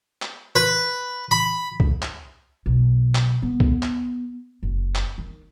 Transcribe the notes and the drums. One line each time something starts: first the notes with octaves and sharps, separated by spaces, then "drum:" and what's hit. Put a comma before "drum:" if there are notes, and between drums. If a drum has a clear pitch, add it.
drum: clap
B4
B5
drum: kick
drum: clap
B1
drum: clap
B3
drum: kick
drum: clap
F#1
drum: clap
D#3